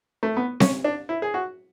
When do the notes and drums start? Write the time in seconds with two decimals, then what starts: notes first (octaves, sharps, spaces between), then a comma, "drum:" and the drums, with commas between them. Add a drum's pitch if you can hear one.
0.23 A3
0.37 B3
0.60 C#4, drum: snare C4
0.84 D4
1.09 E4
1.22 G#4
1.34 F#4